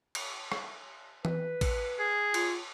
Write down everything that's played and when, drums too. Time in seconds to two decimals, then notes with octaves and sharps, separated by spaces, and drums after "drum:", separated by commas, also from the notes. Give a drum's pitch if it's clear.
0.15 drum: cymbal
0.52 drum: rim click
1.25 B4, drum: tom E3
1.61 drum: kick, cymbal
1.99 G#4
2.34 F4, drum: cymbal